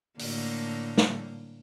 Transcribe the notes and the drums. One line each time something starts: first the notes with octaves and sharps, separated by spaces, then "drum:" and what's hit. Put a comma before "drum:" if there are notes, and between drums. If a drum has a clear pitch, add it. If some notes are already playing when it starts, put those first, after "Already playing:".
A2 D3 A#3, drum: open hi-hat
drum: snare